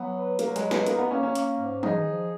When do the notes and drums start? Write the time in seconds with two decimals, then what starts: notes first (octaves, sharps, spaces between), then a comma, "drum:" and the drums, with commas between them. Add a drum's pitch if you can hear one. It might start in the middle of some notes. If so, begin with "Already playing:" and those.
Already playing: F#3 B3
0.15 B4
0.39 F#3 A#3, drum: hi-hat
0.56 G#3, drum: hi-hat
0.63 B4
0.71 G#3, drum: snare
0.86 A#3 D#4, drum: hi-hat
0.98 B3
1.11 A#3 C#4
1.23 C#4
1.35 A#3, drum: hi-hat
1.59 G#2
1.83 D#4 G#4, drum: tom
2.07 F3